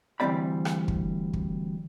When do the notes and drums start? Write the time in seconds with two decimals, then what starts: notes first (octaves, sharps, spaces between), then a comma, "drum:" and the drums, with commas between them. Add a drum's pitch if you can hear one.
0.20 D2 E3 G3 C4 D5 B5
0.65 drum: rim click
0.88 drum: kick
1.33 drum: kick